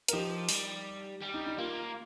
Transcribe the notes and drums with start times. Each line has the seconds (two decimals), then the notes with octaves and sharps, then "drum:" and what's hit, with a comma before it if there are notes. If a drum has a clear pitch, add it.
0.08 A#4, drum: hi-hat
0.13 F3 D#4 G4
0.49 G3, drum: open hi-hat
1.21 G3
1.34 D#4
1.46 D#4
1.58 A#3 F4